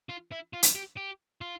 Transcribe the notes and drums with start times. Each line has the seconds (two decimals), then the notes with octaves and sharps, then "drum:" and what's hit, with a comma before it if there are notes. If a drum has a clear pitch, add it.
0.09 F4
0.31 E4
0.53 F4
0.63 drum: hi-hat
0.75 G4
0.97 G4
1.41 F4